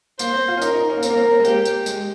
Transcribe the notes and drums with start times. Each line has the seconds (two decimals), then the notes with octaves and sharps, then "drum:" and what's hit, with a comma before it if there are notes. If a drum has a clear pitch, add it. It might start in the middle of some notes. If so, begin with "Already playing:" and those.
0.19 A#3 C5, drum: tambourine
0.33 C4
0.48 F4
0.57 C#4
0.62 D#4 A#4, drum: tambourine
0.75 D#4
0.90 C#4
0.97 A#3
1.03 C4 A#4, drum: tambourine
1.10 A#3
1.17 C4
1.31 C4
1.40 G#3
1.45 A#3 G4, drum: tambourine
1.65 drum: tambourine
1.86 G#3, drum: tambourine